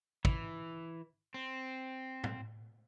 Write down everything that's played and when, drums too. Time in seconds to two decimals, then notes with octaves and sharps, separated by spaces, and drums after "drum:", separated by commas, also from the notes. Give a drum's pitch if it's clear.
0.25 E3, drum: kick
1.34 C4
2.24 drum: tom A2